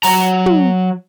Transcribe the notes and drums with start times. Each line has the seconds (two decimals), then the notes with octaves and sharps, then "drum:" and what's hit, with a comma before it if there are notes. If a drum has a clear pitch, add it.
0.03 F#3 A#5, drum: open hi-hat
0.46 drum: tom